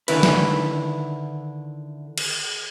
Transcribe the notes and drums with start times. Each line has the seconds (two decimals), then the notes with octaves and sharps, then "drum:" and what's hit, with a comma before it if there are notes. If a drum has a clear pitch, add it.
0.08 D3 D#3 E4 B4, drum: cymbal
0.23 drum: snare
2.18 drum: cymbal